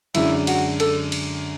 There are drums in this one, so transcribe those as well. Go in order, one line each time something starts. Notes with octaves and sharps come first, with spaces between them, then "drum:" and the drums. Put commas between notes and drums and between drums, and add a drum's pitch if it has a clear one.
F#2 D3 G#3 D4 E4, drum: cymbal
F#4, drum: cymbal
A4, drum: cymbal
drum: cymbal